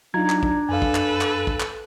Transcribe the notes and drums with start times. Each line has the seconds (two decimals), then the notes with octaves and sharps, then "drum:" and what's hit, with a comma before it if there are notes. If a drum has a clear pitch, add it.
0.14 F#3 D4 D#4 F4 A#5 G#6
0.30 drum: clap
0.43 drum: kick
0.69 F#2 A4 B4 F5 G#5
0.82 drum: kick
0.95 drum: clap
1.21 drum: clap
1.47 drum: kick
1.60 drum: clap